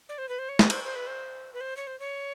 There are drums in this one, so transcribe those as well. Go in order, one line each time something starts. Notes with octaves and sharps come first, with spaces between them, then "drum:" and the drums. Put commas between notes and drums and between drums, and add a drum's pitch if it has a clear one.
D5
C5
B4
C5
C#5
C5, drum: snare
C5, drum: cymbal
C5
B4
C5
B4
C5
C#5
C5
C#5